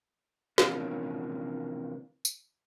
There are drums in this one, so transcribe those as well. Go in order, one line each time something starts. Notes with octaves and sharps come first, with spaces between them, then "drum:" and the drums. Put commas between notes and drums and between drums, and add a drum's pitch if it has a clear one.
C3 E3 F3 A#3 C#4 D4, drum: snare
drum: tambourine